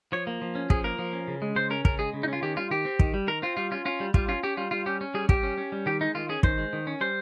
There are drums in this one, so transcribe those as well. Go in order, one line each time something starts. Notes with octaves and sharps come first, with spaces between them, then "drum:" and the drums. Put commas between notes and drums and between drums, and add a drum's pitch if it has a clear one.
F3 C#5
A#3
F3
C#4
F3 G#4, drum: kick
A#3 A#4
F3
C#4
C#3
G#3
C#3 C5
C#4 A#4
C#3 A#4, drum: kick
G#3 G#4
C#3
D#4
C#4 F4
D#3 G4
G3 F4
D#3 G4
C4
D#3, drum: kick
G3
D#3 A#4
C4 F4
G3 F4
C#4 F4
C#4 F4
G3
G3 F4, drum: kick
C#4 F4
C#4 G4
G3 F4
G3 F4
C#4 G4
C#4
G3 G#4
G3 G4, drum: kick
C#4
C#4
G3
D#3 G4
G#3 D#4
D#3 F4
C#4 G#4
D#3 C5, drum: kick
G#3
D#3
C#4
G3 C5